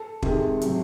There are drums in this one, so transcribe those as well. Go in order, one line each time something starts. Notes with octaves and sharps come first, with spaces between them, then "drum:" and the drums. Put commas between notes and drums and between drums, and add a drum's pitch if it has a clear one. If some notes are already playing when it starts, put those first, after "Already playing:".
Already playing: A4
C3 D#3 G#3, drum: kick
C3 F#3 A3, drum: hi-hat